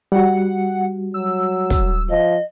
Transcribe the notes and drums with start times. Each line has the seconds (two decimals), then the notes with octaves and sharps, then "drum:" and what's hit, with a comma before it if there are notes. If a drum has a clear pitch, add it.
0.12 G3 F#4 F#5
1.14 F#3 E6
1.70 drum: kick, hi-hat
2.09 F3 D#5